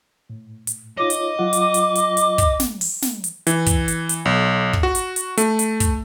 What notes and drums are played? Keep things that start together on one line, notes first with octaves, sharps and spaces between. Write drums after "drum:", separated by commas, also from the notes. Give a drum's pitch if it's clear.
A2
drum: hi-hat
D#4 F4 C#5 D#5 D6
drum: hi-hat
F#3 F4 F#5
drum: hi-hat
drum: hi-hat
drum: hi-hat
drum: hi-hat
drum: kick, hi-hat
drum: snare
drum: open hi-hat
drum: snare
drum: hi-hat
E3, drum: hi-hat
drum: kick, hi-hat
drum: hi-hat
drum: hi-hat
B1
drum: kick
F#4
drum: hi-hat
drum: hi-hat
A3, drum: hi-hat
drum: hi-hat
drum: kick, hi-hat